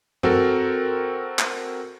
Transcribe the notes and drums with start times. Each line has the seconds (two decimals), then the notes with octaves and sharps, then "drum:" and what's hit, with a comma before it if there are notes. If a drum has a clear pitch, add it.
0.23 C4 F#4 A4 A#4, drum: tom G2
1.39 drum: clap